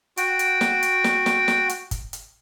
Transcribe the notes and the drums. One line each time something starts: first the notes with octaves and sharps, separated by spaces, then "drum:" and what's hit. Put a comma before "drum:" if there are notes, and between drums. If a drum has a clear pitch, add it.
F#4 G5, drum: hi-hat
drum: hi-hat
drum: snare
drum: hi-hat
drum: snare
drum: snare
drum: snare
drum: hi-hat
drum: kick F#1, hi-hat
drum: hi-hat